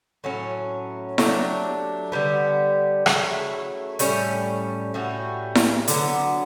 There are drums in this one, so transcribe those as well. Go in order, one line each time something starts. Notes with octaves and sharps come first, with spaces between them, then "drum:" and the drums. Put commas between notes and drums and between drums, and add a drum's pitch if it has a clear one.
A2 F#3 C#4
F#3 A3 D4 G4, drum: snare E4
D3 G3 B3
C#3 F#3 A3 E4, drum: rim click
A2 G3 C#4, drum: hi-hat
A2 G3 C#4 F#4
drum: snare E4
D3 F#3 B3, drum: hi-hat